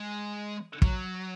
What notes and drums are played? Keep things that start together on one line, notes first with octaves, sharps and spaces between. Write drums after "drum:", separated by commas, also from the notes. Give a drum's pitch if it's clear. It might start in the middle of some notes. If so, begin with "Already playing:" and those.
Already playing: G#3
F#3, drum: kick